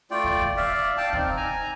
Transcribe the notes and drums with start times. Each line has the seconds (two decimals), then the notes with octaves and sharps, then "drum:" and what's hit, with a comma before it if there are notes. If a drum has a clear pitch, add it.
0.11 A3 F4 D5 G5
0.24 drum: kick
0.42 drum: kick
0.56 D5 E5 F5
0.97 D5 F5 G5 A5
1.13 C4 D#4, drum: kick
1.37 G#5 A#5